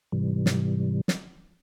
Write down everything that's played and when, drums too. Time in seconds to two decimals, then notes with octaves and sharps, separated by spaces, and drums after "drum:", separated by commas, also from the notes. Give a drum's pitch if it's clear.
0.12 G#2 C3 E3 G3
0.46 drum: snare
1.08 drum: snare